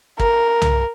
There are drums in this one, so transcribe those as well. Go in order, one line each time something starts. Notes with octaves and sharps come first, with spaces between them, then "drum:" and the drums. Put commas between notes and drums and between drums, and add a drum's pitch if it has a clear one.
A#4, drum: kick
drum: tom C2